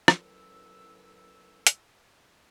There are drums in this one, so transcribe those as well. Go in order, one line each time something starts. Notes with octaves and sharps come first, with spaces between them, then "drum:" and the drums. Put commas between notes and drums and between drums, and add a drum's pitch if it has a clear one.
F#2 A2 E3 F#3 E6, drum: rim click
drum: hi-hat